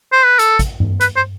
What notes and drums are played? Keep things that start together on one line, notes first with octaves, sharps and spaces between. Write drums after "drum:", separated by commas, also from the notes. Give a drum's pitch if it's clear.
C5
B4
A4, drum: hi-hat
drum: kick, hi-hat
drum: tom G2
B4, drum: hi-hat
C5